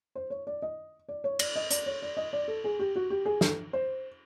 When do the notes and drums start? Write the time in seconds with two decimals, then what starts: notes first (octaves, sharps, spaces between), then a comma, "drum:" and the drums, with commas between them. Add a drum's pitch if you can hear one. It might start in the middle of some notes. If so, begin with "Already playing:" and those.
0.15 C5
0.30 C#5
0.47 D5
0.62 D#5
1.09 D5
1.24 C#5
1.39 D5, drum: cymbal
1.56 D#5
1.70 D5, drum: hi-hat
1.86 C#5
2.02 D5
2.17 D#5
2.33 D5
2.48 A4
2.64 G#4
2.79 G4
2.96 F#4
3.10 G4
3.25 G#4
3.41 A4, drum: snare
3.73 C5